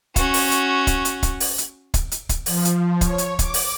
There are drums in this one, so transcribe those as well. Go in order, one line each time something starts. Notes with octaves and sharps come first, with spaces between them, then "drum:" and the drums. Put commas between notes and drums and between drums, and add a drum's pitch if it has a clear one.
C#4 F#4, drum: kick, hi-hat
drum: open hi-hat
drum: hi-hat
drum: kick, hi-hat
drum: hi-hat
drum: kick, hi-hat
drum: open hi-hat
drum: hi-hat
drum: kick, hi-hat
drum: hi-hat
drum: kick, hi-hat
F3, drum: open hi-hat
drum: hi-hat
C#5, drum: kick, hi-hat
drum: hi-hat
D6, drum: kick, hi-hat
drum: open hi-hat